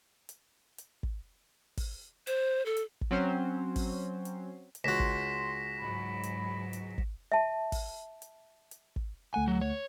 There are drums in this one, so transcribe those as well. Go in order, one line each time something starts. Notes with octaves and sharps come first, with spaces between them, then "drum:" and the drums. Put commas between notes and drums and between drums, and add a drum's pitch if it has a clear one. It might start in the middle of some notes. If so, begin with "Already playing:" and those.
drum: hi-hat
drum: hi-hat
drum: kick
drum: kick, open hi-hat
C5, drum: hi-hat
A4
drum: hi-hat
drum: kick
F#3 C4 C#4 C5
drum: kick, open hi-hat
drum: hi-hat
drum: hi-hat
C#2 F#4 C6 A#6 B6 E7
drum: kick
G#2 F#3 B5
drum: hi-hat
drum: hi-hat
drum: kick
E5 A5
drum: kick, open hi-hat
drum: hi-hat
drum: hi-hat
drum: kick
D2 A3 F#5 G#5
F#3
C#5